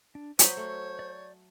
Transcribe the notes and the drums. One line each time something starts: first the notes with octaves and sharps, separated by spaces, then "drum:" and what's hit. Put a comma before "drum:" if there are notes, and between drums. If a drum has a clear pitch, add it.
D4
F#3 C5 C#5 G#5 B5 D#6, drum: hi-hat
A3 F#5 C#6
D5 G6